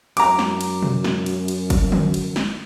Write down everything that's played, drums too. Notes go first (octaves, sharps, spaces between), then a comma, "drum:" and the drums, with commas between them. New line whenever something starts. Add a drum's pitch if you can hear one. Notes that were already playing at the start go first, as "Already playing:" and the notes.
F#2 A#5 D6, drum: cymbal
drum: snare
drum: cymbal
drum: tom B2
drum: snare
drum: cymbal
drum: cymbal
drum: kick, cymbal
drum: tom D3
drum: cymbal
drum: snare